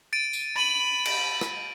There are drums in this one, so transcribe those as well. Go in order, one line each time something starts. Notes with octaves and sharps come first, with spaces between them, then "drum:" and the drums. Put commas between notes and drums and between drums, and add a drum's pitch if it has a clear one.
A6 D7 D#7
drum: tambourine
B5 A6 D#7 F#7
D7, drum: cymbal
drum: rim click